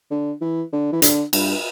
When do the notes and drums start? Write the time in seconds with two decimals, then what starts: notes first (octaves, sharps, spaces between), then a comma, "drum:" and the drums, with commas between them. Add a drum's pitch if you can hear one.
0.11 D3
0.41 E3
0.73 D3
0.92 E3
1.02 D3, drum: hi-hat
1.33 G2, drum: cymbal